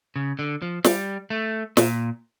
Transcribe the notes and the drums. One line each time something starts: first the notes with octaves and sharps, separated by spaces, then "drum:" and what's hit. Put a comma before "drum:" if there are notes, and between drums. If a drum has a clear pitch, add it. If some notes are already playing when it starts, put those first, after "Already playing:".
C#3
D3
F3
G3, drum: snare
A3
A#2, drum: snare